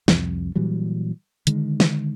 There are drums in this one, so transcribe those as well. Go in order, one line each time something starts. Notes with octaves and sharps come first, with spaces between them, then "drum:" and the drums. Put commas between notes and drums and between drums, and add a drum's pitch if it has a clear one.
C2 F2, drum: snare
A#2 E3 F#3 G3
D3 D#3 G#3, drum: hi-hat
drum: snare